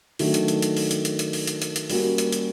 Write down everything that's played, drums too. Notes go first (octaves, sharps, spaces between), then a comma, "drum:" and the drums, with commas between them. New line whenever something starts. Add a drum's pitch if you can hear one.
D#3 F#3 A3 D4 F#4, drum: open hi-hat
drum: hi-hat
drum: hi-hat
drum: hi-hat
drum: open hi-hat
drum: hi-hat
drum: hi-hat
drum: hi-hat
drum: open hi-hat
drum: hi-hat
drum: hi-hat
drum: hi-hat
G3 A#3 C#4 F#4, drum: open hi-hat
drum: hi-hat
drum: hi-hat